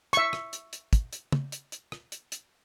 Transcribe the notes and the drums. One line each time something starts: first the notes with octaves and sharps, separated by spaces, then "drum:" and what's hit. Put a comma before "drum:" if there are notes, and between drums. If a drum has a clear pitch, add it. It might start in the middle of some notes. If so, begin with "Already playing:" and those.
E5 C#6, drum: hi-hat
drum: rim click
drum: hi-hat
drum: hi-hat
drum: kick, hi-hat
drum: hi-hat
drum: tom
drum: hi-hat
drum: hi-hat
drum: rim click
drum: hi-hat
drum: hi-hat